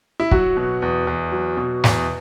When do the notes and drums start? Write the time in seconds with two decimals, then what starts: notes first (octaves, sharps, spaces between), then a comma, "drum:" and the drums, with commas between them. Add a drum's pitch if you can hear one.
0.20 E4
0.31 F#3 F#4, drum: kick
0.57 B2
0.82 E2
1.07 E2
1.32 F#3
1.57 B2
1.84 E2, drum: snare